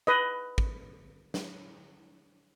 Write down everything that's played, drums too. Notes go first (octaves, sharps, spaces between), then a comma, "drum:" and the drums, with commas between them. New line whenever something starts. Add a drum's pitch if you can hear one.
B4 D#5
drum: kick
drum: snare